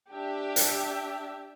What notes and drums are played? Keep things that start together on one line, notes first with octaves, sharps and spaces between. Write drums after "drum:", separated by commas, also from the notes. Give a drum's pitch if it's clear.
D4 G4 E5
drum: hi-hat